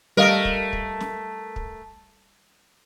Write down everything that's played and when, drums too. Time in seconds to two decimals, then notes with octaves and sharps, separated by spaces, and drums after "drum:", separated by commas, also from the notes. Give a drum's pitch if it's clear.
0.17 G3 A3 A#4 D#5 F5
0.45 drum: kick
0.73 drum: kick
1.00 drum: snare
1.56 drum: kick